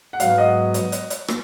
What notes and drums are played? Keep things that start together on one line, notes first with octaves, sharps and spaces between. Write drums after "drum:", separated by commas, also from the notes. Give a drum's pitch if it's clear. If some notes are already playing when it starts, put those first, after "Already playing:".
F#5
G#2 F#3 B3 F5, drum: hi-hat
D#5 F#5
drum: hi-hat
drum: hi-hat
drum: hi-hat
drum: rim click